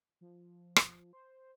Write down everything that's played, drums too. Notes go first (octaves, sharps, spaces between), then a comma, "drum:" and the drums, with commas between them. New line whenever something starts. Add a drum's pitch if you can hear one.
F3
drum: rim click
C5